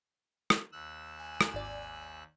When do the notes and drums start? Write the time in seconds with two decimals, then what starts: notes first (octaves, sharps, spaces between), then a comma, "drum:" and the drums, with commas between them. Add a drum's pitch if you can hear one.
0.50 drum: rim click
0.72 D#2 E6 F#6
1.18 G#5
1.41 drum: rim click
1.54 G#1 D5